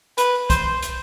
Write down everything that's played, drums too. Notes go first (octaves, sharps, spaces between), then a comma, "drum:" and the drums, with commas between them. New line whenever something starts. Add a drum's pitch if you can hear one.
B4, drum: hi-hat
C5, drum: kick, hi-hat
drum: hi-hat